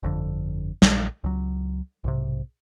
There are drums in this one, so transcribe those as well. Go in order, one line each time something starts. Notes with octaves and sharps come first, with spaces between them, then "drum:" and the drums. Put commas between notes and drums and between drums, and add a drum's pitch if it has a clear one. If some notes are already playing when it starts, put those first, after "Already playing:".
G1 F2 D3
A#1, drum: snare
C#2 F#3
B1 G#2 C3